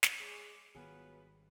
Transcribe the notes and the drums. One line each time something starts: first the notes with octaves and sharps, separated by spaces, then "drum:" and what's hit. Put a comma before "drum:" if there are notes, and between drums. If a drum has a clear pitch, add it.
drum: snare
G#3 G#4 C#5 D6
G#1 D#3 F#3 G3 B3 F4 G#4 B4